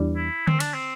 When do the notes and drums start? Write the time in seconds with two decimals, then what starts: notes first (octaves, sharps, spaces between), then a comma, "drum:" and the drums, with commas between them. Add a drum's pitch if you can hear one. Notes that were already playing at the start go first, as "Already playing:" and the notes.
Already playing: E2 E3 G3 D4
0.16 E4
0.47 C4, drum: tom D3
0.60 D4, drum: cymbal
0.74 C4